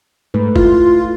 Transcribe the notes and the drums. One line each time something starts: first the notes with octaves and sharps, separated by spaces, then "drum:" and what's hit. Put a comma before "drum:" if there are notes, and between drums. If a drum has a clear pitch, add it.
G#2 A3 B4
E4 F4, drum: kick